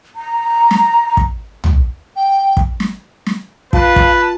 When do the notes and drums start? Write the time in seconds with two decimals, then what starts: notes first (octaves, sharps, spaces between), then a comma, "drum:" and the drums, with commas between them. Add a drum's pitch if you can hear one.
0.16 A#5
0.71 drum: snare
1.17 drum: kick
1.64 drum: tom
2.16 G5
2.57 drum: kick
2.80 drum: snare
3.26 drum: snare
3.73 F4 B4 F5 A5, drum: kick
3.96 drum: kick